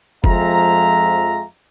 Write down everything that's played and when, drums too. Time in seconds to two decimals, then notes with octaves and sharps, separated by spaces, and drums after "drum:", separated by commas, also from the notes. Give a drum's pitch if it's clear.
0.24 F2 F3 G#3 E5 F5 A#5, drum: kick